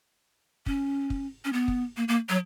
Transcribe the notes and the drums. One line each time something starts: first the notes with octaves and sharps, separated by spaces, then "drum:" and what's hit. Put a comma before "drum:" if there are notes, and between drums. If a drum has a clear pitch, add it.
C#4, drum: kick
drum: kick
C#4
B3
drum: kick
A#3
A#3
F#3